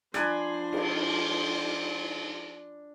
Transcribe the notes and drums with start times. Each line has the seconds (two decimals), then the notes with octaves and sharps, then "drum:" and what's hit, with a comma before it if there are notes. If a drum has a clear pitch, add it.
0.14 F3 D4 C5 G#5 B5, drum: rim click
0.73 drum: cymbal